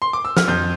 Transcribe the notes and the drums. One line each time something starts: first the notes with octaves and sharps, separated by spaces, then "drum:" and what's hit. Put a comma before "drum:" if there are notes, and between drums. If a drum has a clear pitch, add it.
C6
D6
E6
F6, drum: snare
F2 G6